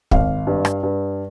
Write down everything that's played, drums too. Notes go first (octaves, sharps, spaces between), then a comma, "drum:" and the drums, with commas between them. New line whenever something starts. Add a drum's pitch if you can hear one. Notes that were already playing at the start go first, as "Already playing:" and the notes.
G#1 F5, drum: kick
G2
drum: rim click
G2